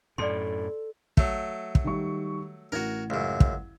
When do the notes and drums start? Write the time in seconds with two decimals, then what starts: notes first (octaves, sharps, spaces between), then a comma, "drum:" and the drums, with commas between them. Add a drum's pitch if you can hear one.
0.18 F#2 A2 A4 D5 C6
1.17 F#3 A3, drum: kick
1.75 drum: kick
1.84 D#3 G3 C#6
2.72 A1 F#4 A#4 G#6
3.10 C#2 F#2
3.40 drum: kick